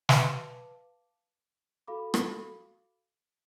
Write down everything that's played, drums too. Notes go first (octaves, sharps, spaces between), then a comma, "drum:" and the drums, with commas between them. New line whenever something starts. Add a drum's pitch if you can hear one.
B4 F5 A5 D6, drum: snare
F#4 A4 F5 B5 D6
drum: rim click